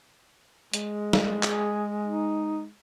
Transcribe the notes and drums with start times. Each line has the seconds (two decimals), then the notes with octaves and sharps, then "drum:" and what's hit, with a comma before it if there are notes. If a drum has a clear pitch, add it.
0.73 G#3, drum: hi-hat
1.13 drum: snare
1.43 G#4, drum: clap
2.05 D#4